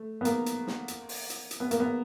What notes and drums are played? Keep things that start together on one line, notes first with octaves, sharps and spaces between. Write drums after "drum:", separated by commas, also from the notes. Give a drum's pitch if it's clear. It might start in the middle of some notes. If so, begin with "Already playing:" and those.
Already playing: A3
B3
A#3, drum: hi-hat
drum: hi-hat
drum: snare
drum: hi-hat
drum: open hi-hat
drum: hi-hat
drum: hi-hat
B3
A#3, drum: hi-hat
B3